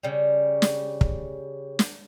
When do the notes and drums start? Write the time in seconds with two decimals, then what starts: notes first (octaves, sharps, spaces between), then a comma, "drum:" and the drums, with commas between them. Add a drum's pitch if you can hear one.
0.03 C#3 G3
0.62 drum: snare
1.01 drum: kick
1.79 drum: snare